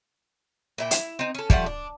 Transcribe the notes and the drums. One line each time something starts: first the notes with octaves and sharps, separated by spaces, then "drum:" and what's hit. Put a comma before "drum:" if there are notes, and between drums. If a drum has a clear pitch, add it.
A#2 E4 G5
E4, drum: hi-hat
C4 D#4
C#4 A4
F3 G3 A3 F#5, drum: kick
D4